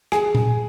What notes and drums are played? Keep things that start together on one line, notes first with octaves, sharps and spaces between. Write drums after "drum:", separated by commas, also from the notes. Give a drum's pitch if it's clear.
G#4, drum: rim click
drum: tom A#2